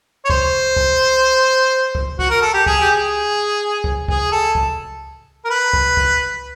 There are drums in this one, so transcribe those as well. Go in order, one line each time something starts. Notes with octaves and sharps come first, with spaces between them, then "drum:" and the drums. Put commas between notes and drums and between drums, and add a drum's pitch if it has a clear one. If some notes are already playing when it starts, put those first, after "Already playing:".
C#5
C5, drum: kick C#2
drum: kick C#2
drum: kick C#2
F#4, drum: kick C#2
A#4
A4
G4
G#4, drum: kick C#2
G4
G#4
drum: kick C#2
G#4, drum: kick C#2
A4
drum: kick C#2
A#4
B4
drum: kick C#2
drum: kick C#2